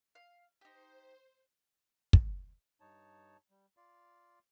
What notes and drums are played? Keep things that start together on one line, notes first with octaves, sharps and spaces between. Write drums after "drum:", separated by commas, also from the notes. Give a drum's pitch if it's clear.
F5
D#4 G4 C5
drum: kick
G2 D#4 C#5 A5
G3
F4 D5 F5